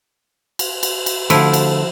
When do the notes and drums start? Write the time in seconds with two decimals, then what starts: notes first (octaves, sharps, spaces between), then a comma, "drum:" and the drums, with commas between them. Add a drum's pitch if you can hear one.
0.59 drum: cymbal
0.83 drum: cymbal
1.06 drum: cymbal
1.30 D3 F3 A3 E4, drum: cymbal
1.54 drum: cymbal